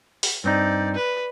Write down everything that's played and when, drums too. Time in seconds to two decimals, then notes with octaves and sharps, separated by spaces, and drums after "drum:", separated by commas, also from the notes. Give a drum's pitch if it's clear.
0.23 drum: open hi-hat
0.44 G2 C4 D#4 D5
0.95 B4